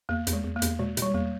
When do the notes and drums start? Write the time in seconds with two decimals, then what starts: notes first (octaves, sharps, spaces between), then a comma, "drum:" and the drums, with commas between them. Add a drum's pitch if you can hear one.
0.09 E2 A#3
0.27 E2, drum: hi-hat
0.33 G#3
0.44 E2
0.56 A#3
0.62 E2, drum: hi-hat
0.79 B2 G#3
0.97 B2, drum: hi-hat
1.02 G3
1.14 E2 A#3